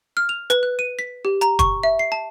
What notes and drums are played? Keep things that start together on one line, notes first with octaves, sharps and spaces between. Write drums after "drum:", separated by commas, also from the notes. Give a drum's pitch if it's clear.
F6
F7
B4, drum: hi-hat
F#6
D#7
B6
G4
A#5, drum: hi-hat
C#6, drum: kick, hi-hat
E5
C7
A5